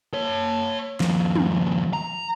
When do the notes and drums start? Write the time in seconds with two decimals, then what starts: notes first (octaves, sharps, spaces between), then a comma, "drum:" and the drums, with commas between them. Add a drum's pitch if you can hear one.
0.14 C#5 A5
1.00 D#2 F3, drum: snare
1.35 drum: tom
1.93 A#5